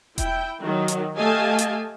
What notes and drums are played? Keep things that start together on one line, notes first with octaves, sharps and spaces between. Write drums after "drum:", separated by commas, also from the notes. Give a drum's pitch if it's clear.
E4 G5, drum: kick E1, hi-hat
D#3 F#3
drum: hi-hat
A3 G4 D#5 F5 G#5 A5
drum: hi-hat